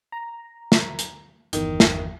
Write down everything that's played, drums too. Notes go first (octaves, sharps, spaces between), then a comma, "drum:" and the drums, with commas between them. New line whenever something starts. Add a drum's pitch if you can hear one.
A#5
drum: snare
drum: hi-hat
G1 E2 D#3, drum: hi-hat
drum: snare